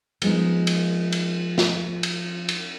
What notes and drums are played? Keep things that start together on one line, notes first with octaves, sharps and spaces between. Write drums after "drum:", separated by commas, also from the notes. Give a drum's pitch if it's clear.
F3 G#3 B3 D#4, drum: cymbal
drum: cymbal
drum: cymbal
drum: snare
drum: cymbal
drum: cymbal